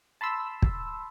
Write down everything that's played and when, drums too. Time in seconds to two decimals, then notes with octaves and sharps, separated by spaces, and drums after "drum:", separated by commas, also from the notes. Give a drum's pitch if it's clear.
0.21 A5 B5 C6 E6
0.62 drum: kick